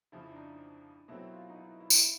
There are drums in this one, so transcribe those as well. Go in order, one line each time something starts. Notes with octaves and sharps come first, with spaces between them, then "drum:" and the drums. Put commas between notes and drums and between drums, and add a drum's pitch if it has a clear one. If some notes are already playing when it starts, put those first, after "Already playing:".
F2 C#3 F3 E4
D4
D#4
B2 F#3 A3 C4 E4
F4
D#4
E4
E4
drum: tambourine